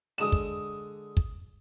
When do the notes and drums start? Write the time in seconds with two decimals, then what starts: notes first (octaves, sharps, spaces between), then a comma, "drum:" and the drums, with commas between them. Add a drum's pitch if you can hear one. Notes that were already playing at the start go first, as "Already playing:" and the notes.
0.18 D3 G#3 D4 D#6 E7
0.32 drum: kick
1.17 drum: kick